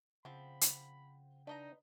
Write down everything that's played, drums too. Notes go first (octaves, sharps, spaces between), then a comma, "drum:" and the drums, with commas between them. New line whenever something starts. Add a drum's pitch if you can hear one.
C#3 F3 C4 F#5 G5 B5
drum: hi-hat
D4 D#4 B4 D#5 A#5